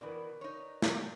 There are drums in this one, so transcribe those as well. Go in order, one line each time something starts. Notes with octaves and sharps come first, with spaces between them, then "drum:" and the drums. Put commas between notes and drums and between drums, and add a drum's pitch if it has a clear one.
B2 D#3 E3 A#4 B4 D5
D#4 C#5
drum: snare